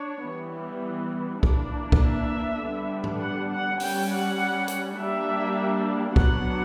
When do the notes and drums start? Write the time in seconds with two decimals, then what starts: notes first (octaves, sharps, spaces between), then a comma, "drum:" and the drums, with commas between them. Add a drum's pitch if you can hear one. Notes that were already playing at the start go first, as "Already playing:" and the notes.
Already playing: D4 C#5
0.25 E3 G3 B3
1.43 E3 A#3 D4, drum: kick C2
1.92 drum: kick C2
2.02 E5
2.61 D3 G3 B3 D4
3.04 drum: tom G#2
3.20 F#5
3.51 F#5
3.80 G3 C#4 G5, drum: open hi-hat
4.10 F#5
4.68 drum: hi-hat
4.98 G3 A#3 D4 E5
6.16 F#3 B3 D4 F#5, drum: kick C2